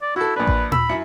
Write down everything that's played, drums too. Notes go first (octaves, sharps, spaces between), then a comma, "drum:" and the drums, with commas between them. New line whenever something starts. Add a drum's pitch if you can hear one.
D5
E4 F#4 A4
A#1 D4 B4
drum: kick A1
B5 E6, drum: tom
F#2 E4 C#7